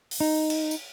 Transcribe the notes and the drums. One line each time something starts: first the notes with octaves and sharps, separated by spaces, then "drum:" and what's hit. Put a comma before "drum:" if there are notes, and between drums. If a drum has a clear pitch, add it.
drum: open hi-hat
D#4
drum: cymbal
drum: tambourine